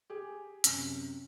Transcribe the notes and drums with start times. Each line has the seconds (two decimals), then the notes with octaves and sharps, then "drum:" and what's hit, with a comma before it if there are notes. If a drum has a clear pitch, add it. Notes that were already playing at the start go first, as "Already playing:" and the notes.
0.10 G4 G#4
0.64 F#2 C3, drum: hi-hat